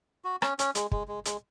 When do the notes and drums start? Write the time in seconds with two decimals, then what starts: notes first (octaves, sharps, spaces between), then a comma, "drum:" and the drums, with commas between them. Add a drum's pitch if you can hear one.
0.25 F#4
0.42 C#4, drum: rim click
0.59 C#4, drum: hi-hat
0.75 G#3, drum: hi-hat
0.92 G#3, drum: kick
1.08 G#3
1.25 G#3, drum: hi-hat